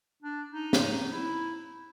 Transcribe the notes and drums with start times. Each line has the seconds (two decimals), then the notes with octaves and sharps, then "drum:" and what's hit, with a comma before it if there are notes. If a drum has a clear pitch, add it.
0.23 D4
0.52 D#4
0.73 drum: snare
1.12 E4